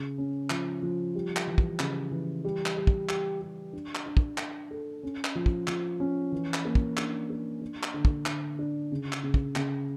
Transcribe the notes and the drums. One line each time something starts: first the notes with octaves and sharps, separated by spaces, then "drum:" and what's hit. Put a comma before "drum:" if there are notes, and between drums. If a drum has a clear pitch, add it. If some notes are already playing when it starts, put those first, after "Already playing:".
Already playing: C#3
C#4
F3, drum: clap
F3
G3
drum: clap
E3
drum: kick
C#3, drum: clap
E3
G3
drum: clap
G3
drum: kick
G4, drum: clap
G4
D4
drum: clap
D4
drum: kick
D4, drum: clap
A4
C#4
drum: clap
F3
drum: kick
F3, drum: clap
C#4
E3
drum: clap
A#3
drum: kick
D4, drum: clap
A#3
D4
drum: clap
D3
drum: kick
D3, drum: clap
D4
C#3
drum: clap
C#3
drum: kick
C#3, drum: clap